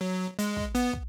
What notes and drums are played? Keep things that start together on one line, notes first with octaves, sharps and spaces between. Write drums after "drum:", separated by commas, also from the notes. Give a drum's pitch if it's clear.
F#3
G#3, drum: hi-hat
drum: kick
B3, drum: hi-hat
drum: kick